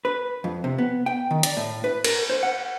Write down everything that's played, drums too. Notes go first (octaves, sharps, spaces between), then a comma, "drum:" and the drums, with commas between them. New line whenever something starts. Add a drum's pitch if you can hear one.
B4
F2
C3
B3
G5
D#3
D5, drum: hi-hat
A2
B4
A#4, drum: cymbal
C5
F#5